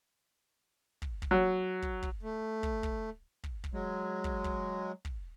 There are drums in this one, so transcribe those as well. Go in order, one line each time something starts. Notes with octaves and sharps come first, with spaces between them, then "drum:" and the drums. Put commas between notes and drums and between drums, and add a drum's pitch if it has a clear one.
drum: kick
drum: kick
F#3
drum: kick
drum: kick
A3
drum: kick
drum: kick
drum: kick
drum: kick
F#3 G#3
drum: kick
drum: kick
drum: kick